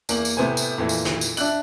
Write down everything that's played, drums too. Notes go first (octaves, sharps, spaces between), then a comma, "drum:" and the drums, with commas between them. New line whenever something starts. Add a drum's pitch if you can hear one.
E2 A#3 F#7, drum: tambourine
drum: tambourine
A2 C3 B3 C5 G#5
drum: tambourine
F2 A#2 E3
drum: tambourine
drum: snare
drum: tambourine
D4 E5 F#6 F#7, drum: tambourine